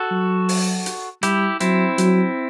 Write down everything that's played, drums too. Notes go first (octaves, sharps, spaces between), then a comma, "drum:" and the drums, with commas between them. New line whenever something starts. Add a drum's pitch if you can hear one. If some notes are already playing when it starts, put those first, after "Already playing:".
Already playing: F#4 A4
F#3
drum: open hi-hat
drum: hi-hat
G3 E4 G4, drum: hi-hat
F#3 C4 E4, drum: hi-hat
F#3, drum: hi-hat